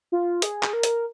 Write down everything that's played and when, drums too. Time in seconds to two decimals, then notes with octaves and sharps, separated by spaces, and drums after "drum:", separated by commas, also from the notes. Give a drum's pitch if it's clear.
0.12 F4
0.42 G#4, drum: hi-hat
0.63 drum: clap
0.73 A#4
0.83 drum: hi-hat